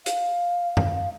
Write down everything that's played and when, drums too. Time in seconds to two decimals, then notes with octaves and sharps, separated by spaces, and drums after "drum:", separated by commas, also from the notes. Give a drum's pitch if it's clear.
0.06 F5, drum: hi-hat
0.77 drum: tom F#2